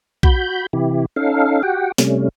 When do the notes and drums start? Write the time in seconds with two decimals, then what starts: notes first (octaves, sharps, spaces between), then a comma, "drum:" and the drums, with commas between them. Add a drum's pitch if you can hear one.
0.23 F#4 B5 G6, drum: kick
0.73 C3 E3 E4 G4
1.16 C#4 D#4 A4 F5
1.63 F#4 G4 F#5 G5
1.98 C3 G3 A3 C#4, drum: snare